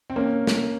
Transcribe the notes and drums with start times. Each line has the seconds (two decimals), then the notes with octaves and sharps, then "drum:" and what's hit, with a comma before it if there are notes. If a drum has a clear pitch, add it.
0.10 C4
0.16 A#3 C#4
0.47 drum: snare